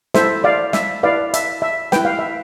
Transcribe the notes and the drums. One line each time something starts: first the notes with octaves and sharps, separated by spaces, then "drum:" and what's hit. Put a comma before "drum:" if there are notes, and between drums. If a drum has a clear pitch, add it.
E4 A4 C5 E5, drum: snare
D5 F5
E5, drum: snare
E4 B4 D5 F5
E5, drum: hi-hat
E5
E4 B4 G5, drum: snare
F5
E5